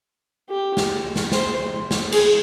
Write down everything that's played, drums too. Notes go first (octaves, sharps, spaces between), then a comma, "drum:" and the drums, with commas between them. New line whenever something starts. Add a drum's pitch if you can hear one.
G4
drum: snare
drum: snare
C5, drum: snare
drum: snare
G#4, drum: cymbal